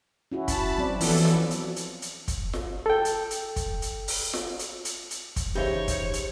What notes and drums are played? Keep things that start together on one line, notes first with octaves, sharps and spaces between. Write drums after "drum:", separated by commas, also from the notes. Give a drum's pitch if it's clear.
C#4 E4 F#4
A5 B5, drum: kick, hi-hat
F#3 C4 D5
E3 F3 B3 A4, drum: open hi-hat
drum: snare F4
drum: hi-hat
drum: hi-hat
drum: hi-hat
drum: kick, hi-hat
drum: snare F4
A4 G5
drum: hi-hat
drum: hi-hat
drum: kick, hi-hat
drum: hi-hat
drum: open hi-hat
drum: snare F4
drum: hi-hat
drum: hi-hat
drum: hi-hat
drum: kick, hi-hat
C#3 E3 D#4 G4 A4 C5 C#5
drum: kick, hi-hat
drum: hi-hat